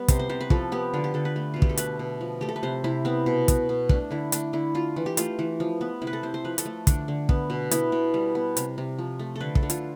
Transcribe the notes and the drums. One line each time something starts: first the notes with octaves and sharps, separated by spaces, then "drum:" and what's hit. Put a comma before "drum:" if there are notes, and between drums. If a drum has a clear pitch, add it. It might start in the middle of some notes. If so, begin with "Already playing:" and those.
Already playing: G3 B3
C3 C5, drum: kick, hi-hat
C5
C3 C5
B4
F3 A4, drum: kick
B3 G4
D3 F4
G4
D3 A4
B4
A3
B2 F4
G4, drum: kick
A4
A3 B4, drum: hi-hat
B2
F3
A3 G4
A4
B4
C3 C5
C3 E4
B3 C4
B2
B3, drum: kick, hi-hat
B2
A3 D4, drum: kick
D3 E4
A3 D4, drum: hi-hat
D3 E4
A3 F4
E3
G4
A3 F4, drum: hi-hat
E3
F3
B3
C3 E4
B4
A4
C3 C5
C5
F3 B4
A4, drum: hi-hat
A3
D3 D4, drum: kick, hi-hat
D3
B3, drum: kick
B2
B3 E4, drum: hi-hat
B2
G3
B3
C3, drum: hi-hat
C3
F3
A3
D3 A4 B4
A4, drum: kick
D3
F4, drum: hi-hat